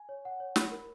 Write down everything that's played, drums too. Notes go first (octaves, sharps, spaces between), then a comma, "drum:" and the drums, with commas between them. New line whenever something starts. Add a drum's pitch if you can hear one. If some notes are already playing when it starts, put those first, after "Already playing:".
Already playing: G#5
C#5
F#5
C#5
B5, drum: snare
A#4